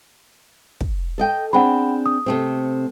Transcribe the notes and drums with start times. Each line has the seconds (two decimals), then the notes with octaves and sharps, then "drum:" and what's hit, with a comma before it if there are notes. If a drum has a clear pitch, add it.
0.81 drum: kick
1.18 A4 D#5 G5
1.53 C4 D4 G#4 F#5 G5 B5
2.06 D#6
2.26 C3 A3 C4